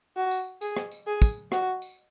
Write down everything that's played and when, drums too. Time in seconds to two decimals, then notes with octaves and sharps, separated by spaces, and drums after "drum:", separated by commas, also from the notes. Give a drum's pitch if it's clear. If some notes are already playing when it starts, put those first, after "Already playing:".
0.17 F#4
0.31 drum: tambourine
0.61 G#4, drum: tambourine
0.77 drum: rim click
0.92 drum: tambourine
1.07 G#4
1.22 drum: kick, tambourine
1.52 F#4, drum: rim click
1.82 drum: tambourine